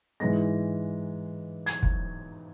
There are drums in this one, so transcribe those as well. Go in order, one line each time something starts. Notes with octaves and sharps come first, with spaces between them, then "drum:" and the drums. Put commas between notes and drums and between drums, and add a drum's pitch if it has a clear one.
G#2 E3 G#3 A#6
G#6, drum: hi-hat
drum: kick